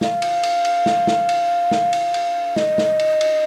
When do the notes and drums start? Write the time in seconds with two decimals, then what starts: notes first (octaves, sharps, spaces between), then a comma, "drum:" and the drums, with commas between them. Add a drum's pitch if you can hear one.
0.01 F5, drum: snare
0.22 drum: cymbal
0.43 drum: cymbal
0.65 drum: cymbal
0.86 drum: snare
1.07 drum: snare
1.29 drum: cymbal
1.71 drum: snare
1.93 drum: cymbal
2.14 drum: cymbal
2.56 D#5, drum: snare
2.78 drum: snare
2.99 drum: cymbal
3.21 drum: cymbal